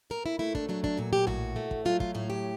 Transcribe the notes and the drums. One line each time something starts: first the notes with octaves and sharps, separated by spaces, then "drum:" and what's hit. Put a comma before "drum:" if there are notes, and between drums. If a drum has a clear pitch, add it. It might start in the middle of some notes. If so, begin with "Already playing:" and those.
A#2 A#4
E4
A3 E4
D4, drum: kick
F#3 D4
D4, drum: kick
A#2 F#4
G4
A2 F#4, drum: tom A#1
A3
drum: kick
F#3 F4
F4, drum: kick
A2 F4
G4